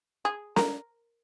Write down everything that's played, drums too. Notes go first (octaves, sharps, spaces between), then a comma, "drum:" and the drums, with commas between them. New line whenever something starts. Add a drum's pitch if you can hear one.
G#4
A#4, drum: snare